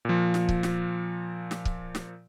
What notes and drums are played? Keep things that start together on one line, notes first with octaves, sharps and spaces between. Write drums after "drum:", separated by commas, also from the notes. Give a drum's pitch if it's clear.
A#2 F3
drum: snare
drum: kick C#1
drum: snare
drum: snare
drum: kick C#1
drum: snare